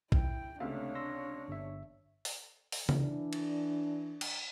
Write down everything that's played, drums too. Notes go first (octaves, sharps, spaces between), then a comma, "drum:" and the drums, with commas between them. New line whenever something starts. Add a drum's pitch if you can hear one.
E4 G5, drum: kick
C#2 C3 A3 D4 C#5 E5
C6 E6 A#6
G1 E5
drum: open hi-hat
drum: open hi-hat
E3 D4, drum: tom C#3
drum: cymbal
drum: cymbal